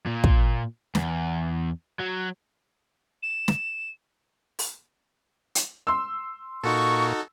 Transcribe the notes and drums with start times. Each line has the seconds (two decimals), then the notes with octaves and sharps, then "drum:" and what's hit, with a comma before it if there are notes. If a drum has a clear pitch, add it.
0.06 A#2
0.24 drum: kick
0.95 E2, drum: snare
1.99 F#3
3.23 E7
3.48 drum: snare
4.59 drum: open hi-hat
5.55 drum: hi-hat
5.87 C6 E6
6.63 A#2 D#4 F#4 A4 C#6